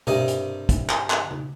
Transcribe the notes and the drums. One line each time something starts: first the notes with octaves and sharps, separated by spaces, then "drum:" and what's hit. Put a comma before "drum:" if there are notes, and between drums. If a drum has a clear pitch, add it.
G2 C3 A#4 D#5, drum: tom B2
drum: hi-hat
drum: kick, hi-hat
drum: clap
drum: clap
drum: tom C#3